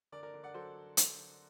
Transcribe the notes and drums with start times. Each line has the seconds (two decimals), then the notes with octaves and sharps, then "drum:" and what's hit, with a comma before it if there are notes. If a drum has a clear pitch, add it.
0.12 D3 A#4 D5
0.23 A#4 D5
0.34 D3
0.43 D5 F#5
0.54 F#3 A4 C5
0.97 drum: hi-hat